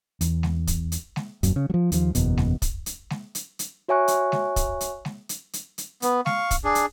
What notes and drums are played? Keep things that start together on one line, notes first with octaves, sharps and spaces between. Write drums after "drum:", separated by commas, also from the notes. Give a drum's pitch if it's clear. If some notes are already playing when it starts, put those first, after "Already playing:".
E2, drum: hi-hat
drum: snare G#3
drum: kick, hi-hat
drum: hi-hat
drum: snare G#3
D#1 F#2, drum: hi-hat
C#3
F3 F#3
D#2 F3, drum: hi-hat
F#1 E2 B2, drum: hi-hat
drum: snare G#3
drum: kick, hi-hat
drum: hi-hat
drum: snare G#3
drum: hi-hat
drum: hi-hat
F#4 C#5 E5 G#5 C#6 F#6
drum: hi-hat
drum: snare G#3
drum: kick, hi-hat
drum: hi-hat
drum: snare G#3
drum: hi-hat
drum: hi-hat
drum: hi-hat
B3, drum: hi-hat
F5 C#6, drum: snare G#3
drum: kick, hi-hat
D4 G#4
drum: hi-hat